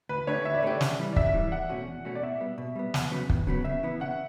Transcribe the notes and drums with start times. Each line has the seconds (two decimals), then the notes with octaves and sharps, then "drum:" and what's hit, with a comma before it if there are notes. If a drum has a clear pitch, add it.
0.09 D2 B4
0.27 D3 A3 D4 G4 C#5
0.45 D2 E5
0.54 D5
0.63 D3 A3 D4 G4 C#5
0.73 D5
0.81 C#3, drum: snare
0.99 E3 G3
1.13 D5
1.16 C#3 E5, drum: kick
1.34 E3 G3
1.52 E2 F#5
1.70 B2 A3 C#4 F#4
1.88 E2
2.05 B2 A3 C#4 F#4
2.15 D5
2.23 B2 E5
2.40 G3 B3
2.58 B2
2.76 G3 B3
2.94 E2, drum: snare
3.11 C#3 F#3 B3
3.30 E2, drum: kick
3.47 C#3 F#3 B3
3.64 C#3 E5
3.83 E3 B3
4.00 C#3 F#5